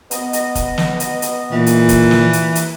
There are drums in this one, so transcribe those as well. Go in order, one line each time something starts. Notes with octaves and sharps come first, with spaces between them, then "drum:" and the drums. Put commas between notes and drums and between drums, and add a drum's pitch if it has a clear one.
B3 D#5, drum: hi-hat
drum: hi-hat
drum: kick, hi-hat
drum: snare
drum: hi-hat
drum: hi-hat
A#2 E3
drum: hi-hat
drum: kick, hi-hat
drum: snare
drum: hi-hat
drum: hi-hat